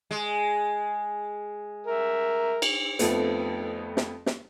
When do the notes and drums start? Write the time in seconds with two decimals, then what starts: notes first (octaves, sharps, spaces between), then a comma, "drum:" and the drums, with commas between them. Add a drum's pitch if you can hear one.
0.11 G#3
1.87 A#4 E5
2.62 drum: cymbal
2.99 F2 F3 A3 B3, drum: hi-hat
3.97 drum: snare
4.26 drum: snare